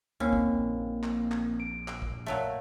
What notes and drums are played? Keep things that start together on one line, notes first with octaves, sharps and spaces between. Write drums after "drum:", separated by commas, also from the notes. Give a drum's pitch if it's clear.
D2 A#3 C4 C#4 D#4
drum: kick A#1
A#1
drum: clap
drum: clap
D7
drum: clap
drum: kick A#1
A#2 F#3 A3